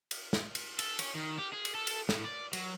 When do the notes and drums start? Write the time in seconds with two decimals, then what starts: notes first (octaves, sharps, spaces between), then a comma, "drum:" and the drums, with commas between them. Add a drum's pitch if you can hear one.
0.11 drum: cymbal
0.33 drum: snare
0.55 drum: cymbal
0.79 A4, drum: cymbal
0.99 C#4, drum: cymbal
1.15 D#3
1.38 G4
1.53 G#4
1.65 drum: cymbal
1.74 A4
1.87 drum: cymbal
2.09 A2, drum: snare
2.24 D5
2.53 F#3, drum: cymbal